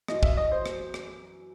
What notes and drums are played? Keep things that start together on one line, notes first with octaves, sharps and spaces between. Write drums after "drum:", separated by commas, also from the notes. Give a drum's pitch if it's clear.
F#2 E3 D#5, drum: rim click
E5, drum: kick
D#5
C5
drum: rim click
drum: rim click